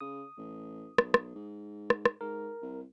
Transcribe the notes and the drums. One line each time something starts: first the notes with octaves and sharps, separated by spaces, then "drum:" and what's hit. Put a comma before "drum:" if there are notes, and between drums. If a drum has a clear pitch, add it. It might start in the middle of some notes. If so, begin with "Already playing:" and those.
C#3 D#6
A1
B1, drum: rim click
drum: rim click
G#2
drum: rim click
drum: rim click
G#2 A#4
C2